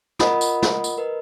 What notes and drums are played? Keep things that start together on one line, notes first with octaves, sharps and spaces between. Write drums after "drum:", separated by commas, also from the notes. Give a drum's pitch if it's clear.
F4 A#4 D#5 F#5 B5 D#6, drum: snare
drum: tambourine
drum: snare
drum: tambourine
A#4 B4 D#5